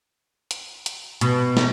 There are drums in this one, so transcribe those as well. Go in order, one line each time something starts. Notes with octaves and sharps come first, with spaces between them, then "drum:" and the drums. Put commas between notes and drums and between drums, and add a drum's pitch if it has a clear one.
drum: hi-hat
drum: hi-hat
B2, drum: hi-hat
drum: snare